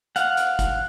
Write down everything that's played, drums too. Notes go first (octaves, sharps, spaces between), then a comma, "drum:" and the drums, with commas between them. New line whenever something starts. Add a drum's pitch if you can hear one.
F5 F#5, drum: hi-hat
drum: hi-hat
drum: kick, hi-hat